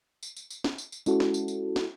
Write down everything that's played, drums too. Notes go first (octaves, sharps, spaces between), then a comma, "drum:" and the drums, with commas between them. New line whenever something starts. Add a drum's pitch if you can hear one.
drum: tambourine
drum: tambourine
drum: tambourine
drum: snare
drum: tambourine
drum: tambourine
G#3 C#4 E4 F#4 A4, drum: tambourine
drum: snare
drum: tambourine
drum: tambourine
drum: snare